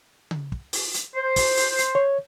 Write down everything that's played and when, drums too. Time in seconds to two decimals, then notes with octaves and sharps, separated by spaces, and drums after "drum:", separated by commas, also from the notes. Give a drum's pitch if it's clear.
0.31 drum: tom C#3
0.52 drum: kick
0.73 drum: open hi-hat
0.94 drum: hi-hat
1.15 C5
1.36 drum: kick, open hi-hat
1.57 drum: open hi-hat
1.78 drum: hi-hat
1.95 C#5